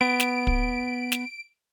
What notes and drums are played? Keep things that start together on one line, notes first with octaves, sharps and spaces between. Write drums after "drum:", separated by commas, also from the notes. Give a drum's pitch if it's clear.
B3 D7
drum: snare
drum: kick
drum: snare